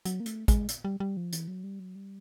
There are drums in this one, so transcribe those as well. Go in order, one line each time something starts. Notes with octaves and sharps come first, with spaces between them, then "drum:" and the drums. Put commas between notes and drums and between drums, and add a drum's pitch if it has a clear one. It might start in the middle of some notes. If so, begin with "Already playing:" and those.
F#3, drum: hi-hat
A#3
A3, drum: hi-hat
G#3, drum: kick, hi-hat
drum: hi-hat
G3
G3
F3
E3, drum: hi-hat
F#3
G3
F#3
G3